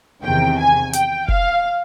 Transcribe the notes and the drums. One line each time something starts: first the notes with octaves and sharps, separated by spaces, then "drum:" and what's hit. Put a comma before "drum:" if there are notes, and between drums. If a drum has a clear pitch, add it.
E2 C3 D#3 G5
G#5
G5, drum: hi-hat
F5, drum: kick